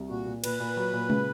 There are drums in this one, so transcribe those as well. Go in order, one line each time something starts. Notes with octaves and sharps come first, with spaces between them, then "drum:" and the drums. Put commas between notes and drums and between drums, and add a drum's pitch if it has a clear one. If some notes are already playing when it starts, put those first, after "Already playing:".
Already playing: C2
A#2 F#4
A#2
A#2 B4, drum: cymbal
A#2
F#3
A#2
C#3, drum: tom G#3